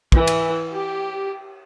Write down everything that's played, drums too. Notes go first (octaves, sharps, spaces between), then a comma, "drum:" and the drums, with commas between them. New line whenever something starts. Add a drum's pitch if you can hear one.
E3, drum: kick
drum: cymbal
G4